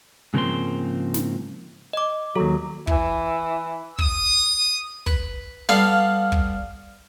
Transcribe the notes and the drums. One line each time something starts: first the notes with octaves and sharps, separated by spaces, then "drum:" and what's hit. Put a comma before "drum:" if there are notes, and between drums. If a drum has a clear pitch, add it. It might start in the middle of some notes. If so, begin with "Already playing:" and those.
G#2 C#3 F3 A#3 C4 C6
drum: snare
D#5 D6
D#2 F#3 A4
E3, drum: kick
D#6, drum: kick
B4, drum: kick
G3 B3 A4 F5
drum: kick